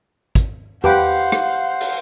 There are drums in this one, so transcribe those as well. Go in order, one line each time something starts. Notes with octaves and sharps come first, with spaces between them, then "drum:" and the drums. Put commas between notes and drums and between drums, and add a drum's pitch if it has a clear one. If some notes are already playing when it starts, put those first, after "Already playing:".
drum: kick, hi-hat
G4 B4 C5 F5 F#5 D6, drum: tom E2
drum: rim click
drum: open hi-hat